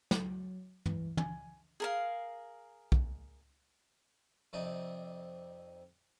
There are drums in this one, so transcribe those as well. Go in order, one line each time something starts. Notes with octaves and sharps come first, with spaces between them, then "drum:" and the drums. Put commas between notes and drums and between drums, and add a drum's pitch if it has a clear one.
F#3, drum: snare
E3, drum: tom G2
G#5, drum: tom
G#4 A#4 F5
drum: kick B1
F2 C3 D4 D#4